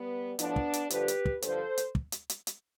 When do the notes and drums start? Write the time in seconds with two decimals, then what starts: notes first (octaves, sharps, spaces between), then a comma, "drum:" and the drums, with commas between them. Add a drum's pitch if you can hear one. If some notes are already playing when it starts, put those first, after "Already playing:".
Already playing: G3 B3
0.39 A2 F3 B3 D4, drum: hi-hat
0.56 drum: kick
0.73 drum: hi-hat
0.90 G2 D3 F3 G4 B4, drum: hi-hat
1.08 drum: hi-hat
1.25 drum: kick
1.42 G2 D3 F3 A4 C5, drum: hi-hat
1.78 drum: hi-hat
1.95 drum: kick
2.12 drum: hi-hat
2.30 drum: hi-hat
2.47 drum: hi-hat